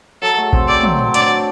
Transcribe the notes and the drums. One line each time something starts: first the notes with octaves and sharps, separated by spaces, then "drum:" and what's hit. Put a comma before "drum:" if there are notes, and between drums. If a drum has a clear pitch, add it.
F#3 A4
A3
C4, drum: kick A#1
C4 D5
F#3, drum: tom
F#3
D4 D5, drum: hi-hat
F#4